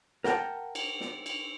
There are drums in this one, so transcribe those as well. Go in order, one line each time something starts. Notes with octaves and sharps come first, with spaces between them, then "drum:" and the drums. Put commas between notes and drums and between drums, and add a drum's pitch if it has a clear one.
A#4 F#5 G5 A5, drum: snare
drum: cymbal
drum: snare
drum: cymbal